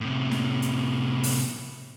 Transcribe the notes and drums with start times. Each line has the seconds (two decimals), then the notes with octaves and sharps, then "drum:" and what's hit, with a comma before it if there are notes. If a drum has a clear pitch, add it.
0.01 A2 C3
0.31 drum: snare
0.62 drum: hi-hat
1.23 drum: open hi-hat